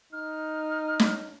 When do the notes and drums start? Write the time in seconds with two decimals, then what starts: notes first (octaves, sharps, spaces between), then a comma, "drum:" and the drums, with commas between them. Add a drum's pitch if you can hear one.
0.13 D#4 F6
1.00 drum: snare